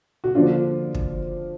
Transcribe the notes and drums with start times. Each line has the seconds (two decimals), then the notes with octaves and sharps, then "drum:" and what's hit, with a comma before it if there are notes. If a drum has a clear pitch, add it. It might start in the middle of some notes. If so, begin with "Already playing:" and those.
0.24 F#4
0.35 D3 F3 A#3 D4 F4
0.94 drum: kick